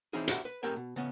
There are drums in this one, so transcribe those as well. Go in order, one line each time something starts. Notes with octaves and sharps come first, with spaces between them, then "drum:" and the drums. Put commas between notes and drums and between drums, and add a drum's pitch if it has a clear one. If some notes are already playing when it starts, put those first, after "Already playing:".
E3 C4 C#4 D#4 E4 G#4
C#4 D#4 E4 F#4 G4, drum: hi-hat
B4
A2 C4 G4 A#4 G5 G#5
B2
C#3 B3 C#4